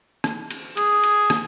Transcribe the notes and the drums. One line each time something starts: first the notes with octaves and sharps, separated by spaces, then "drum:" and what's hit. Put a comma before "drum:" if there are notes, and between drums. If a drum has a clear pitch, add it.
drum: rim click
drum: cymbal
G#4, drum: cymbal
drum: cymbal
drum: rim click